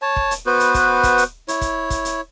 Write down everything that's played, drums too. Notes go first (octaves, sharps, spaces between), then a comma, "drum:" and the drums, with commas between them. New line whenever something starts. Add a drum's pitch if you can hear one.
C#5 A5
drum: kick
drum: hi-hat
B3 F#4 B4 C5
drum: hi-hat
drum: kick, hi-hat
drum: kick, hi-hat
drum: hi-hat
E4 C#5, drum: hi-hat
drum: kick, hi-hat
drum: kick, hi-hat
drum: hi-hat